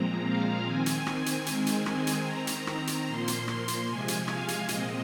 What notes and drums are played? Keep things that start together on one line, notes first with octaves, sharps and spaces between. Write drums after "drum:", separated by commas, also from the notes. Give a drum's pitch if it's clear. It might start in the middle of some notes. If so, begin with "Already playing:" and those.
Already playing: A#2 F3 G#3 C4 A#5
F5
D#3 C4 G#5
drum: hi-hat
G#5, drum: rim click
drum: hi-hat
D#3 G#3 C4 G#5, drum: hi-hat
drum: hi-hat
G#5, drum: rim click
drum: hi-hat
D#3 C4 A#5
drum: hi-hat
drum: rim click
drum: hi-hat
A#2 F3 A#3 C6
drum: hi-hat
drum: rim click
drum: hi-hat
C3 F3 G#3 G#5
drum: hi-hat
F5, drum: rim click
drum: hi-hat
A#2 G#3 C4 D#5, drum: hi-hat